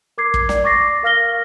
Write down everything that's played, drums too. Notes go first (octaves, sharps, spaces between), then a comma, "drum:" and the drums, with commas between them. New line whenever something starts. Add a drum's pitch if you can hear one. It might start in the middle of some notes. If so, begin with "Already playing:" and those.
A#4 D6 G#6 C7
drum: kick
D5, drum: snare
C#6 D6 A6 A#6 C7
A#4 F5 F6 A#6 G7